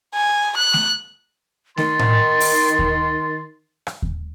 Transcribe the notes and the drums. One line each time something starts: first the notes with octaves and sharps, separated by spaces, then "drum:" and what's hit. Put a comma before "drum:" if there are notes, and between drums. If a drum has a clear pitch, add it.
G#5
F#6
drum: snare A3
D#3 C6 A6, drum: snare A3
drum: tom A2
drum: open hi-hat
drum: kick D#2
drum: rim click
drum: kick D#2